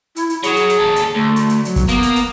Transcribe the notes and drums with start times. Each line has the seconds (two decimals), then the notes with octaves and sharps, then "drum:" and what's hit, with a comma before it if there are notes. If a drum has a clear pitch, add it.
0.16 E4, drum: hi-hat
0.30 drum: hi-hat
0.43 F#3 F#4 G#4, drum: hi-hat
0.56 drum: hi-hat
0.70 drum: hi-hat
0.79 D#2 A4
0.96 drum: hi-hat
1.15 D2 A3
1.36 drum: hi-hat
1.49 drum: hi-hat
1.65 F#3, drum: hi-hat
1.76 drum: kick, hi-hat
1.88 A#3 B3, drum: hi-hat
2.03 drum: hi-hat
2.16 drum: hi-hat